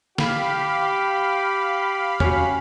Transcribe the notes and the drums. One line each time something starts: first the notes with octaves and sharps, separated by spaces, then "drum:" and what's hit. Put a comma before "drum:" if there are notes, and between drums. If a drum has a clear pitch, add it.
G4 F5 B5, drum: snare
C#4 F#4, drum: tom E2